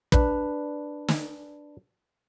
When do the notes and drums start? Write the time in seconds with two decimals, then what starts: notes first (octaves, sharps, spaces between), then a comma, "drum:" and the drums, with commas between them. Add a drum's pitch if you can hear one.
0.12 D4 B4, drum: kick
1.08 drum: snare